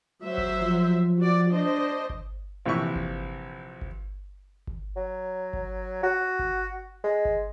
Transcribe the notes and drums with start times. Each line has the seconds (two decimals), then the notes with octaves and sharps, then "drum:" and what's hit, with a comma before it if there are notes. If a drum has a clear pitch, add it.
0.24 F#3 C5 E5
0.38 drum: kick G1
0.62 F3
1.18 F#4 D5
1.50 D4 C5 D#5
2.10 drum: kick G1
2.65 A#1 C3 E3 E4 C#6
2.96 drum: kick G1
3.82 drum: kick G1
4.67 drum: kick G1
4.96 F#3
5.53 drum: kick G1
6.03 F#4
6.39 drum: kick G1
7.04 G#3
7.25 drum: kick G1